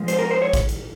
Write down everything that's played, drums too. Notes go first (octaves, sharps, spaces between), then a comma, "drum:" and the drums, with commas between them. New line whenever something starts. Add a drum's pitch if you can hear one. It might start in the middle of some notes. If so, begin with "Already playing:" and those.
Already playing: A#2 F3 G#3
C5, drum: hi-hat
A#4
C5
C#5
drum: kick A1, hi-hat
drum: hi-hat